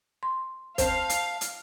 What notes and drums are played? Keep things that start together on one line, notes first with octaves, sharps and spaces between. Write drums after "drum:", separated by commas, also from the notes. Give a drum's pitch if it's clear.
C6
C4 C5 F5 A5, drum: kick, hi-hat
drum: hi-hat
drum: hi-hat